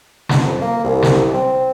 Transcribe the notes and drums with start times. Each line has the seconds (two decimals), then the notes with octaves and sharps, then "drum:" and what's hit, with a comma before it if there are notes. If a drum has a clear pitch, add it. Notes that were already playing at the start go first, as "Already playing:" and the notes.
0.29 drum: snare
0.44 F2
0.62 A#3
0.84 C2
1.02 drum: snare
1.34 C4